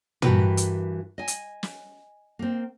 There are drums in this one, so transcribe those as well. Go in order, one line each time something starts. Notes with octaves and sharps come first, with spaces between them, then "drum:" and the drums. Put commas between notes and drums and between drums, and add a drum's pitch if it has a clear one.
G2 E3 F#4 G4 A#4 B4, drum: tom
drum: hi-hat
D#5 G#5
drum: hi-hat
drum: snare
A#3 C4